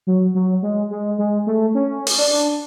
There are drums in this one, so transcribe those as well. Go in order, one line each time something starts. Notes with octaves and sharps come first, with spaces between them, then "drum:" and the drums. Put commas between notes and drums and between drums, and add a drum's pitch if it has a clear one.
F#3
F#3
G#3
G#3
G#3
A3
C#4
drum: open hi-hat
D4